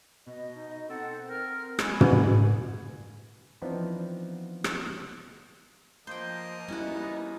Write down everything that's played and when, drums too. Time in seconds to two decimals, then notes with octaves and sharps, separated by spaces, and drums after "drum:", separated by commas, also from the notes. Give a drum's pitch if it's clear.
0.27 B2 D#5
0.55 D#4
0.89 C4 A4 F#5
1.29 A#4 F6
1.79 G#3 G#5 B5, drum: rim click
2.01 drum: tom
3.62 E3 F3 B3 C4 D4 D#4
4.64 drum: rim click
6.07 F3 A#3 C5 D#5 G5
6.68 G3 B3 C#4 D#4 E4 F#4